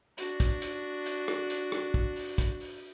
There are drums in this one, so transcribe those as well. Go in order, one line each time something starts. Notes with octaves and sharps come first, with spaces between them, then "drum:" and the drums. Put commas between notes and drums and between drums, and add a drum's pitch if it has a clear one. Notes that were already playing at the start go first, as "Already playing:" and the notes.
D4 F#4, drum: hi-hat
drum: kick, hi-hat
drum: hi-hat
drum: hi-hat
drum: rim click
drum: hi-hat
drum: rim click
drum: kick
drum: open hi-hat
drum: kick, hi-hat
drum: open hi-hat